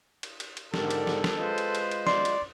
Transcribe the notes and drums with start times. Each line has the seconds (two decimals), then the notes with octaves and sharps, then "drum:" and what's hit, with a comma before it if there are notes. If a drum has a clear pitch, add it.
0.23 drum: cymbal
0.40 drum: cymbal
0.57 drum: cymbal
0.74 G#2 D3 G4 A4 A#4 D5, drum: snare
0.90 drum: cymbal
1.07 drum: snare
1.24 drum: snare
1.38 G#3 F4 B4 C5 D#5
1.58 drum: cymbal
1.75 drum: cymbal
1.91 drum: cymbal
2.07 D5 C6, drum: snare
2.25 drum: cymbal